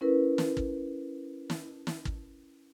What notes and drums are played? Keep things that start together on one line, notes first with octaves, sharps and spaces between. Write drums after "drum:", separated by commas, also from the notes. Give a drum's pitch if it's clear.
C#4 E4 A#4 B4
drum: snare
drum: kick
drum: snare
drum: snare
drum: kick